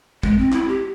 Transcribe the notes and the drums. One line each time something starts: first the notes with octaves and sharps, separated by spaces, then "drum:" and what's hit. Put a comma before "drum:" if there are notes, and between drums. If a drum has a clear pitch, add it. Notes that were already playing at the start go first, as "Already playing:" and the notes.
G#3, drum: kick
C4
E4, drum: clap
G4